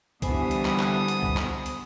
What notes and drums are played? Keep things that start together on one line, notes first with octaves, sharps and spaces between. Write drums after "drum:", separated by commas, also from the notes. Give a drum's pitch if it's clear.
D3 E3 G3 B3 C5 G#5 B5 D#6, drum: kick C#2, hi-hat
drum: hi-hat
drum: clap
drum: clap
drum: hi-hat
drum: kick C#2
drum: clap
drum: hi-hat